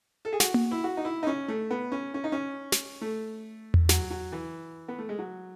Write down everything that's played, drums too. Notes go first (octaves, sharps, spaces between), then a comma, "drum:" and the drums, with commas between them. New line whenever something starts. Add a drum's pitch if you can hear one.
A4
G#4
F#4, drum: snare
drum: tom A#3
E4
F#4
D#4
E4
D#4
C#4
A3
B3
C#4
C#4
D#4
C#4
drum: snare
A3
drum: tom E2
F#3, drum: snare
F#3
E3
B3
A3
G#3
F#3